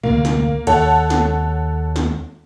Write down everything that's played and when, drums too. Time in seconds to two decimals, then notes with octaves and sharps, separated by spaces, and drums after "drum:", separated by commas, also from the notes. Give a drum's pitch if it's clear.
0.03 D2 G#2 C3 A#3
0.25 drum: snare
0.67 D#2 A4 C#5 F#5, drum: cymbal
1.10 drum: snare
1.96 drum: snare